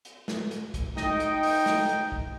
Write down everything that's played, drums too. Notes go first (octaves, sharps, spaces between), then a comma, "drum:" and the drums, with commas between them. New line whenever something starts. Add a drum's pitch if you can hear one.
drum: hi-hat
drum: snare
drum: hi-hat
drum: kick, hi-hat
D#4 D#5 G5, drum: snare
drum: hi-hat
drum: open hi-hat
drum: snare
drum: hi-hat
drum: kick